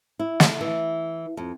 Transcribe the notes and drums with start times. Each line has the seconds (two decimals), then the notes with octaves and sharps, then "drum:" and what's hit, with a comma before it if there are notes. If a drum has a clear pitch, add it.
0.19 E4
0.40 A3, drum: snare
0.61 E3
1.37 F2